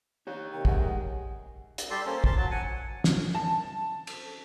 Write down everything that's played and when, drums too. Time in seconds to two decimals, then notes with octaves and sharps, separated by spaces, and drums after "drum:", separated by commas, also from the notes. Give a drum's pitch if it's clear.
0.27 D#4 G4 C#5
0.52 C3 D#3 G5
0.65 G#3 F#5, drum: kick
1.78 drum: hi-hat
1.91 G3 G4 A4 C6
2.06 A#3 C#4 C5
2.24 A5 C6, drum: kick
2.37 F#3 A5
2.51 F#5 G#5
3.04 drum: snare
3.35 A5
4.07 drum: cymbal